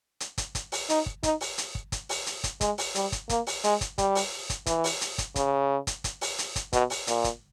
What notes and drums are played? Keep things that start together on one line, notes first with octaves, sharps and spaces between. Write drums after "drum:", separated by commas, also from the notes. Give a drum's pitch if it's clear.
drum: hi-hat
drum: kick, hi-hat
drum: kick, hi-hat
drum: open hi-hat
D#4, drum: hi-hat
drum: kick
D#4, drum: kick, hi-hat
drum: open hi-hat
drum: hi-hat
drum: kick
drum: kick, hi-hat
drum: open hi-hat
drum: hi-hat
drum: kick, hi-hat
G#3, drum: kick, hi-hat
drum: open hi-hat
G3, drum: hi-hat
drum: kick, hi-hat
A#3, drum: kick, hi-hat
drum: open hi-hat
G#3, drum: hi-hat
drum: kick, hi-hat
G3, drum: kick, hi-hat
drum: open hi-hat
drum: kick, hi-hat
E3, drum: kick, hi-hat
drum: open hi-hat
drum: hi-hat
drum: kick, hi-hat
C#3, drum: kick, hi-hat
drum: kick, hi-hat
drum: kick, hi-hat
drum: open hi-hat
drum: hi-hat
drum: kick, hi-hat
B2, drum: kick, hi-hat
drum: open hi-hat
A#2, drum: hi-hat
drum: kick, hi-hat